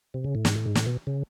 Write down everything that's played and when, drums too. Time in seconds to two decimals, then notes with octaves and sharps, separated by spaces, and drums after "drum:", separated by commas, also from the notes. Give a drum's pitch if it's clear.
0.14 C3
0.24 C#3
0.35 A2
0.45 G#2, drum: snare
0.55 A2
0.66 G#2
0.75 A2, drum: snare
0.86 B2
1.07 C#3